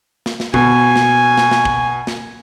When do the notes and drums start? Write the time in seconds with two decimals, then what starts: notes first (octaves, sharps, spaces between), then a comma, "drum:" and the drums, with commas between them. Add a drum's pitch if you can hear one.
0.26 drum: snare
0.40 drum: snare
0.54 B2 G#5, drum: kick
0.96 drum: snare
1.37 drum: snare
1.51 drum: snare
1.65 drum: kick
2.07 drum: snare